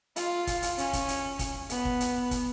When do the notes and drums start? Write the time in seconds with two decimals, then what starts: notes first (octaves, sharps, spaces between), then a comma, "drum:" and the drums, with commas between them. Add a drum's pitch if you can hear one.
0.16 F4, drum: hi-hat
0.47 drum: kick, hi-hat
0.63 drum: hi-hat
0.78 C#4, drum: hi-hat
0.93 drum: kick, hi-hat
1.09 drum: hi-hat
1.39 drum: kick, hi-hat
1.70 B3, drum: hi-hat
1.85 drum: kick
2.00 drum: hi-hat
2.31 drum: kick, hi-hat